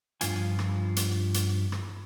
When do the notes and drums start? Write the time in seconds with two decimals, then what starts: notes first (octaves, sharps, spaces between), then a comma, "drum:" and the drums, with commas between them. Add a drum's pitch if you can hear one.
0.21 G2 F3 F4 G#5, drum: hi-hat
0.59 drum: rim click
0.96 drum: hi-hat
1.34 drum: hi-hat
1.72 drum: rim click